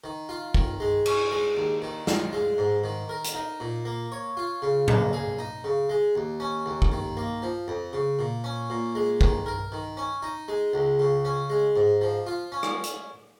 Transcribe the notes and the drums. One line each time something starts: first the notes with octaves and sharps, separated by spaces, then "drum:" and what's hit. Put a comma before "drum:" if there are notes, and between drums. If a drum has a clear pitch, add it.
D#3
F4
D#3, drum: kick
G#3
C#4, drum: cymbal
G#3
D#2
D#3
F4, drum: snare
G#3
G#2
D#3
A#4
drum: hi-hat
D#4
A#2
A#3
C#5
F4
C#3
A#3, drum: tom A2
G#4
D#4
C#3
G#3
D#2
C#4
D#2
drum: kick
D#3
A#3
F3
F2
C#3
A#2
C#4
A#2
G#3
D#3, drum: kick
A#4
D#3
C#4
D#4
G#3
C#2
C#3
C#4
G#3
G#2
F3
F4
C#4
drum: rim click
drum: hi-hat